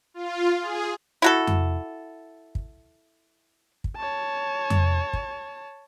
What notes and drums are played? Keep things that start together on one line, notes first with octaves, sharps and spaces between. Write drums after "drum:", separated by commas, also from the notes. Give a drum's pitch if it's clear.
F4
G#4
E4 F#4 A4
drum: tom F2
drum: kick
drum: kick
C#5 A5
drum: tom F2
drum: kick